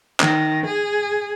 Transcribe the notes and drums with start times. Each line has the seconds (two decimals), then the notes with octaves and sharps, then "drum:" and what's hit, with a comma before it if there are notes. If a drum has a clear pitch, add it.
0.20 D#3, drum: clap
0.67 G#4